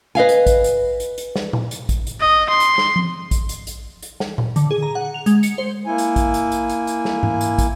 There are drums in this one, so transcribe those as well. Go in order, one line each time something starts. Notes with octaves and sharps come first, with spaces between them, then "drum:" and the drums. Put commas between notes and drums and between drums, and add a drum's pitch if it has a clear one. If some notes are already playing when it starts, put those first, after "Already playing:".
B4 D#5 F5 G#5
drum: hi-hat
drum: kick, hi-hat
drum: hi-hat
drum: hi-hat
drum: hi-hat
drum: snare
drum: tom A#2
drum: hi-hat
drum: kick, hi-hat
drum: hi-hat
D#5
C6
drum: hi-hat
drum: snare
drum: tom F3
drum: kick, hi-hat
drum: hi-hat
drum: hi-hat
drum: hi-hat
drum: snare
drum: tom A#2
D3, drum: hi-hat
G#4
A#5
F#5
F7
G#3, drum: hi-hat
C#7, drum: hi-hat
C5
A#3 E4 G#5
drum: hi-hat
drum: kick, hi-hat
drum: hi-hat
drum: hi-hat
drum: hi-hat
drum: hi-hat
drum: snare
drum: tom G#2
drum: hi-hat
drum: kick, hi-hat